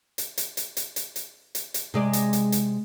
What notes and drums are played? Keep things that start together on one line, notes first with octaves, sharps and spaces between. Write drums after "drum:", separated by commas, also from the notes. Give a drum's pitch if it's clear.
drum: hi-hat
drum: hi-hat
drum: hi-hat
drum: hi-hat
drum: hi-hat
drum: hi-hat
drum: hi-hat
drum: hi-hat
C3 G#3 D5
drum: hi-hat
drum: hi-hat
drum: hi-hat